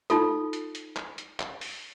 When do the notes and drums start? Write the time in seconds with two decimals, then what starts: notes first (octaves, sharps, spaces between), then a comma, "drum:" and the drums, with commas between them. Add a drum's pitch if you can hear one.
0.10 D#4 F4 A4, drum: hi-hat
0.53 drum: hi-hat
0.75 drum: hi-hat
0.96 drum: clap
1.18 drum: hi-hat
1.40 drum: clap
1.61 drum: open hi-hat